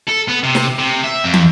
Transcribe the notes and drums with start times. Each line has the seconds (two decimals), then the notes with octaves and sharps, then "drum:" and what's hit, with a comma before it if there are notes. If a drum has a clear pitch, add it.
0.07 A4
0.28 B3
0.43 C3
0.55 drum: snare
0.79 C3
1.04 E5
1.24 F2
1.34 drum: tom